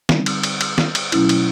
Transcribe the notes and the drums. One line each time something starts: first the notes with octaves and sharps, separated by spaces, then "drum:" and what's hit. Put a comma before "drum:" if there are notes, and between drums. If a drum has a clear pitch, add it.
D3 G3 C4 D#4, drum: snare
drum: cymbal
drum: cymbal
drum: cymbal
drum: snare
drum: cymbal
B2 F#3 A3 C#4 E4, drum: cymbal
drum: cymbal